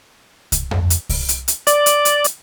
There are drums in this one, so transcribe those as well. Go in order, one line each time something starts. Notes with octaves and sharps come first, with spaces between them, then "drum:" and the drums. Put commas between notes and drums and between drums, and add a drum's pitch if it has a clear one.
drum: kick C2, hi-hat
drum: tom F2
drum: hi-hat
drum: kick C2, open hi-hat
drum: hi-hat
drum: hi-hat
D5, drum: hi-hat
drum: hi-hat
drum: hi-hat
drum: hi-hat